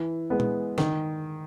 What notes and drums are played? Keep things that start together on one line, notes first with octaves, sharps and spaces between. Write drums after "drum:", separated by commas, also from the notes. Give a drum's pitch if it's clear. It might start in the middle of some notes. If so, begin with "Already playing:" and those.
Already playing: E3
G#3 B3
drum: tom A#2
D#3, drum: snare